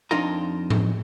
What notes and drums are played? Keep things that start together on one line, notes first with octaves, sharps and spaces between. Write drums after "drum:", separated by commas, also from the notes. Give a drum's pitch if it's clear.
F2 D4 D#4 F4 A#5
drum: tom A2